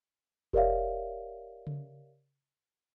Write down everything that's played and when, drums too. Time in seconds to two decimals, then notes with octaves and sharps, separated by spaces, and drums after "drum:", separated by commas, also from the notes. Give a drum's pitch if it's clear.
0.53 G4 A#4 C#5 D5 E5 F5, drum: kick F1
1.67 drum: tom C#3